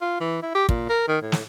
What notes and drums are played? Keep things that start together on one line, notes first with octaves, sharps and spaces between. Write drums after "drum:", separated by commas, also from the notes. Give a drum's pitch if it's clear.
F4
E3
E4
G4
A#2, drum: kick
A#4
D#3
A2
drum: snare